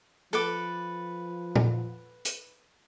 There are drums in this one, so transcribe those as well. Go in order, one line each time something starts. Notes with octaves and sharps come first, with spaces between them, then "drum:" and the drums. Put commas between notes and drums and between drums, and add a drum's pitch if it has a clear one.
F3 A4 B4 D6
drum: tom A#2
drum: hi-hat